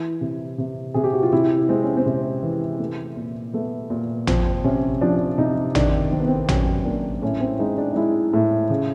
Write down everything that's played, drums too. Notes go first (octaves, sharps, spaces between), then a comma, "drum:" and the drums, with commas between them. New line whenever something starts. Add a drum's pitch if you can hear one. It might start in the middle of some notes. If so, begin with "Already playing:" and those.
Already playing: E3 E4
C3
C3
C3 G#4
G4
F#4
F4
C3 E4
G#3 C4
C#4
C4
C3
E3
A3
A#2
A3 B3
A#2
F3 C4, drum: tom A1
C3 C#4
F3 D4
C3 D#4
D#3 D4, drum: tom A1
D#3 C4
B3
C4
F#3 C#4, drum: tom A1
A#3 D4
A2 C#4
C4
G#3 D#4
D4
D#4
G#3 E4
A2
C#3